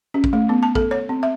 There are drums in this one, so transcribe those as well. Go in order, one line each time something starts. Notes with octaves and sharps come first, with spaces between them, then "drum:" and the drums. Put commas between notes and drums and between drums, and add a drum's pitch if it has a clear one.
C#4
drum: kick
A3
B3
A5
A4, drum: kick
C#5
C4
E5